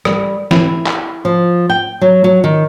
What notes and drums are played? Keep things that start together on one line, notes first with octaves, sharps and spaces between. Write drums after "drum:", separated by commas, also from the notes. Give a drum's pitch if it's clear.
G3, drum: rim click
E4, drum: snare
drum: clap
F3
G5
F#3
F#3
D#3